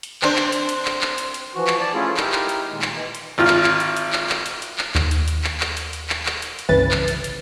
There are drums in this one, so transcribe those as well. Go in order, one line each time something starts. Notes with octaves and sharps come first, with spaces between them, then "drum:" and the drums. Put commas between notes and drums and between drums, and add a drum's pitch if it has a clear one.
drum: hi-hat
C4 D4 C5, drum: clap
drum: clap
drum: hi-hat
drum: hi-hat
drum: clap
drum: clap
drum: hi-hat
drum: hi-hat
E3 F3 F#4
drum: clap
D5 A5
A3 C#4 E4 F4 G#4
D#4 E4 G4 A#4, drum: clap
drum: clap
drum: hi-hat
A#2 D#3 G#3
drum: clap
E3
drum: hi-hat
G#1 F4 F6
drum: clap
drum: clap
drum: hi-hat
drum: hi-hat
drum: clap
drum: clap
drum: hi-hat
drum: hi-hat
drum: clap
D#2, drum: clap
drum: hi-hat
drum: hi-hat
drum: clap
drum: clap
drum: hi-hat
drum: hi-hat
drum: clap
drum: clap
drum: hi-hat
drum: hi-hat
G1 C2 C#3 E3 B4 A6
drum: clap
drum: hi-hat
drum: hi-hat